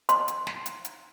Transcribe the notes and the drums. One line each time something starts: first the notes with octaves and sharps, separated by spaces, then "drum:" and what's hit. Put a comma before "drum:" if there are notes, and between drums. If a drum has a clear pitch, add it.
C6, drum: hi-hat
drum: hi-hat
drum: snare
drum: hi-hat
drum: hi-hat